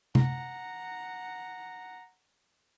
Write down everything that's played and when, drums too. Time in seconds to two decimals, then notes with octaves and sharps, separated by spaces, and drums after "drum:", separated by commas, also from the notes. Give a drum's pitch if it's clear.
0.15 F#5 A#5, drum: tom C3